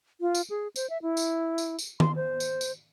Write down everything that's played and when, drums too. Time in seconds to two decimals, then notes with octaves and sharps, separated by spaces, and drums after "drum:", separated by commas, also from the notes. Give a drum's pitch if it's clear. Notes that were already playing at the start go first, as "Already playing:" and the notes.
0.21 F4
0.35 drum: tambourine
0.50 G#4
0.76 C5, drum: tambourine
0.90 E5
1.02 E4
1.17 drum: tambourine
1.58 drum: tambourine
1.79 drum: tambourine
2.00 C6, drum: tom D#3
2.16 C5
2.40 drum: tambourine
2.61 drum: tambourine